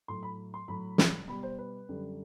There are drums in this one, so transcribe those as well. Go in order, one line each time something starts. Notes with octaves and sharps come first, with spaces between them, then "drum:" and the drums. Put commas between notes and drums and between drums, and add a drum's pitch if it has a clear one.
A2 F#3 C6
B5
C6
A2 F#3 B5
drum: snare
B2 G3 B5
C5
B4
F#2 D3 G3